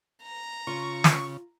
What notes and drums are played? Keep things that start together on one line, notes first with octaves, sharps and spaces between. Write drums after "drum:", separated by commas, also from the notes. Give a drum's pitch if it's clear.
A#5
C#3 F4 C#6
drum: snare